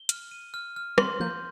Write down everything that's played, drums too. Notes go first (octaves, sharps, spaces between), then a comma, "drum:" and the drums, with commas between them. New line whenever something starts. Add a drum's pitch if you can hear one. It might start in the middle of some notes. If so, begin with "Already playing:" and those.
Already playing: G7
F6, drum: hi-hat
D#7
F6
F6
G3 C4 C6, drum: rim click
F3 A#3 G6